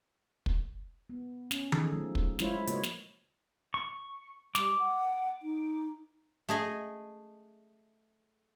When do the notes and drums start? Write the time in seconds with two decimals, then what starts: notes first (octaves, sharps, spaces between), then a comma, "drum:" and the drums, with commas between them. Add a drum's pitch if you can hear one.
0.46 drum: kick
1.10 B3
1.51 C#4, drum: snare
1.72 D#4 G#4 A4, drum: tom D#3
1.92 F3 F#3 A3
2.15 drum: kick
2.39 F3 G#3 E4 F4 C5 C#5, drum: snare
2.67 C#3 A#3 F#4 B4 C#5 D#5, drum: hi-hat
2.83 drum: snare
3.74 C#6
4.55 G3 D6, drum: snare
4.79 F#5
5.43 D#4
6.49 A3 G#4 D#5